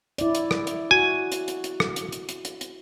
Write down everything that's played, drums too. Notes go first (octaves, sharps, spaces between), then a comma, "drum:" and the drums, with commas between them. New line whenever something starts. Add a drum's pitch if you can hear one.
E4 D5, drum: hi-hat
drum: hi-hat
drum: rim click
drum: hi-hat
F#4 G#5
drum: hi-hat
drum: hi-hat
drum: hi-hat
drum: rim click
drum: hi-hat
drum: hi-hat
drum: hi-hat
drum: hi-hat
drum: hi-hat